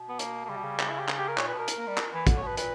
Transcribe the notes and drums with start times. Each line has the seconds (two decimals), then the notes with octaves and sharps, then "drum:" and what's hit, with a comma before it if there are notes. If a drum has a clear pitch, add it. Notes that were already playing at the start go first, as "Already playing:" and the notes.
Already playing: B2
0.09 B3
0.19 A#3, drum: hi-hat
0.45 A#3
0.49 C#3 G3
0.57 B2
0.64 C#3
0.79 G3, drum: clap
0.89 E4
0.99 G4
1.09 drum: clap
1.18 G4
1.28 A#4
1.38 A#2 C#5, drum: clap
1.48 B4
1.53 B2
1.59 A#4
1.68 drum: hi-hat
1.77 A#3
1.87 G3
1.98 drum: clap
2.13 E3
2.27 D3, drum: kick, hi-hat
2.37 C#5
2.42 B2 B4
2.57 A#2 B4, drum: hi-hat